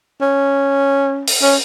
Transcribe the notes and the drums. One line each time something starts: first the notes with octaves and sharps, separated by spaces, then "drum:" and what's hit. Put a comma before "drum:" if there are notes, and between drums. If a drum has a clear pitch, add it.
C#4
drum: open hi-hat
C#4